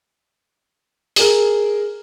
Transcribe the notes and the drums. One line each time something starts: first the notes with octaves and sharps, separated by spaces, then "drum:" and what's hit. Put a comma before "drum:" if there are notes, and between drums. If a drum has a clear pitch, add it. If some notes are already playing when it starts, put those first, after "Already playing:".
G#4 A#4, drum: open hi-hat